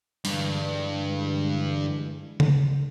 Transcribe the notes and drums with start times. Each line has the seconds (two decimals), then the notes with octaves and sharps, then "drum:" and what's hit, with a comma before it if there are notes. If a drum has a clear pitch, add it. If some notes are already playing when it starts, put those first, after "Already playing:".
0.25 G2 D3 E3 G#3, drum: open hi-hat
2.40 drum: tom C#3